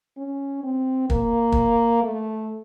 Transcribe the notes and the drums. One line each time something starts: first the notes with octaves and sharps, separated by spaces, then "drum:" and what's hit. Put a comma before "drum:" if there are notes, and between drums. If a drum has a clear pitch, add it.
C#4
C4
A#3, drum: kick
drum: kick
A3